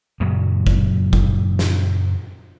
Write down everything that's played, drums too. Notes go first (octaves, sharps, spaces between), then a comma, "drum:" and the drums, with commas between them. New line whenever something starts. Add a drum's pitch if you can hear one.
F#2 A#2 C#3 F#3
drum: kick
drum: kick
drum: snare